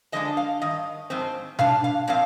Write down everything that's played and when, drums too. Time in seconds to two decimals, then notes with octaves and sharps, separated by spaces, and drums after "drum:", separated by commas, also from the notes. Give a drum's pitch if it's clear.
0.12 D3 F3 G#3 D4 D#5
0.37 F5
0.62 G2 D#3 D#5
1.10 G#2 F3 C4
1.59 G#2 G3 D4 F5, drum: tom B2
1.84 F5
2.08 A#2 F3 C4 F5